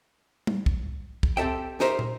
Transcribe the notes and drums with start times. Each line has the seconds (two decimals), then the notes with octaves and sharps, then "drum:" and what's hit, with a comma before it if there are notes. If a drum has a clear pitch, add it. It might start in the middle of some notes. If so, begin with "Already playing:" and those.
0.47 drum: tom G3
0.66 drum: kick
1.23 drum: kick
1.37 C4 G4 A4 E5 G5
1.80 D#4 G4 A#4 C5 E5, drum: snare
1.99 drum: tom